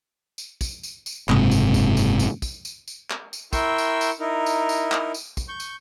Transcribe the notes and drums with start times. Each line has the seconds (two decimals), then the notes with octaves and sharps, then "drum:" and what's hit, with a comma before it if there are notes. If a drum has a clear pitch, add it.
0.38 drum: tambourine
0.61 drum: kick, tambourine
0.83 drum: tambourine
1.06 drum: tambourine
1.29 F#1 G#2 C3, drum: clap
1.51 drum: tambourine
1.74 drum: kick, tambourine
1.97 drum: tambourine
2.20 drum: tambourine
2.42 drum: kick, tambourine
2.65 drum: tambourine
2.88 drum: tambourine
3.10 drum: clap
3.33 drum: tambourine
3.53 E4 A#4 G5 C6 C#6 E6, drum: kick, tambourine
3.78 drum: tambourine
4.01 drum: tambourine
4.20 D#4 E4 A#4
4.46 drum: tambourine
4.69 drum: tambourine
4.92 drum: clap
5.14 drum: tambourine
5.37 drum: kick, tambourine
5.49 C#6 G6
5.60 drum: tambourine